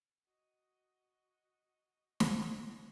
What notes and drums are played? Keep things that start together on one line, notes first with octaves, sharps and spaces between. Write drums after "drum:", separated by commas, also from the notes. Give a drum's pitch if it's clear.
F#4 D#5
drum: snare